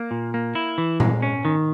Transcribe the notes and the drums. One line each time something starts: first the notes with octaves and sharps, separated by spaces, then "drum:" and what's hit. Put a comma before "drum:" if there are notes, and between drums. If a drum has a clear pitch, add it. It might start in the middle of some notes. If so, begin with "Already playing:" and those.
Already playing: A#3
A#2
A#3
E4
E3
G#3, drum: tom A#2
C#4
D#3